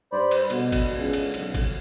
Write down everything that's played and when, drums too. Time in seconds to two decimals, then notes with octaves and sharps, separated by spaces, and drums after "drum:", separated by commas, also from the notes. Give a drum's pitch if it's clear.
0.12 G2 C5 D5 B5
0.31 drum: cymbal
0.50 B2 D3, drum: cymbal
0.72 drum: kick G#1, cymbal
0.98 C#2
1.13 drum: cymbal
1.34 B1, drum: cymbal
1.54 drum: kick G#1, cymbal